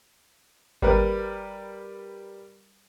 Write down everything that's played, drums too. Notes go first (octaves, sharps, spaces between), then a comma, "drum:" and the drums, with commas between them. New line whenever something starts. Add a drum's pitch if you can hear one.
G3 A#4 B4, drum: kick G1